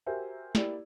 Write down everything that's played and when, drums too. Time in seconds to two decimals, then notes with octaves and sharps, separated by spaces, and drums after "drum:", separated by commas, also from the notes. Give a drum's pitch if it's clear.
0.06 F#4 G4 A#4 C5 E5 G#5
0.55 A#3 E4 G4 D5, drum: snare